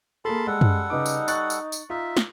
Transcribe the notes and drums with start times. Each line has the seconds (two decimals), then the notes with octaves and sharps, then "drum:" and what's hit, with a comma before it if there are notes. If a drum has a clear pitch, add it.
0.25 A#3 G#4 A4 A5 B5 C6
0.47 G3 G#3 A4 F#5
0.61 drum: tom F#2
0.90 C#3 D#4 B4 D6
1.06 drum: tambourine
1.28 C#6 F#6 A6, drum: tambourine
1.50 drum: tambourine
1.72 drum: tambourine
1.90 D#4 F4 E5
2.17 drum: snare